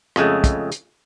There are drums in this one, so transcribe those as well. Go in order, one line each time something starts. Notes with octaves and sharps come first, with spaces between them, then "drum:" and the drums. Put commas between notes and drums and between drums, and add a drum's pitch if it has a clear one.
F2 C#3 G#3 A3, drum: rim click
drum: kick, hi-hat
drum: hi-hat